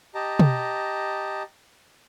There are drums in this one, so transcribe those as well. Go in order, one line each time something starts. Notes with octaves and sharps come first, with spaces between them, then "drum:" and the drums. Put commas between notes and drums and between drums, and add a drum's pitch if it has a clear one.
G4 D#5 A5 A#5
drum: tom